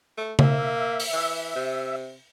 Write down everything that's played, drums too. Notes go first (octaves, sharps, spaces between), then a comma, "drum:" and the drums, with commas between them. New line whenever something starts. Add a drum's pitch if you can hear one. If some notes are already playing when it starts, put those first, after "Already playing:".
A3
A#3 E5, drum: tom C#3
drum: open hi-hat
E3
C3